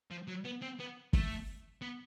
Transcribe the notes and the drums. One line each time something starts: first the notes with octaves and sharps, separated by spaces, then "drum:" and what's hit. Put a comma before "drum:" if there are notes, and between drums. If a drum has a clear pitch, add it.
F3
F#3
B3
C4
B3
A3, drum: kick
B3